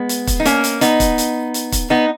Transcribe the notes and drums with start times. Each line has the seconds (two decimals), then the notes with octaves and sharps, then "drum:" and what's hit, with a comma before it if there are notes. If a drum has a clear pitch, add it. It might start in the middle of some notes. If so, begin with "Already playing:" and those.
Already playing: G#3 B3
0.09 drum: hi-hat
0.27 drum: kick, hi-hat
0.40 D#4
0.45 A#3 C#4, drum: hi-hat
0.64 drum: hi-hat
0.81 B3 D#4, drum: hi-hat
1.00 drum: kick, hi-hat
1.18 drum: hi-hat
1.54 drum: hi-hat
1.72 drum: kick, hi-hat
1.90 B3 D#4